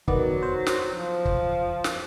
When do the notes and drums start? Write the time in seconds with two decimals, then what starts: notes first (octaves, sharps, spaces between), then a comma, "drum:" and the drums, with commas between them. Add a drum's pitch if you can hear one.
0.08 D#3 F#3 B3 D5, drum: kick
0.42 C5
0.67 drum: snare
0.90 F3
1.25 drum: kick
1.84 drum: snare